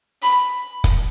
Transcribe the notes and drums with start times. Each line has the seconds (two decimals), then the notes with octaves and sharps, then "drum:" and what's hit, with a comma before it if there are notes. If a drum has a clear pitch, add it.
0.23 B5
0.84 drum: kick, hi-hat